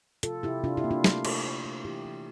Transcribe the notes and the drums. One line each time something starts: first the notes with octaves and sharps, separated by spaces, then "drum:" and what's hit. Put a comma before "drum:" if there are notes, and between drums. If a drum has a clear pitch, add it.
C3 F4 A4, drum: hi-hat
C3 E4 G4
C3 D4 F4
E4 G4
A#3
D4 F4
A3, drum: snare
A3, drum: cymbal
A3
A3
E3 E4 G4
E3